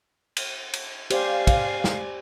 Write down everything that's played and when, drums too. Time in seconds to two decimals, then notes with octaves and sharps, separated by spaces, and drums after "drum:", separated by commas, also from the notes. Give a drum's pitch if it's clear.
0.37 drum: cymbal
0.73 drum: cymbal
1.10 G4 C5 D5 F5 G#5, drum: cymbal
1.47 drum: kick, cymbal
1.84 drum: snare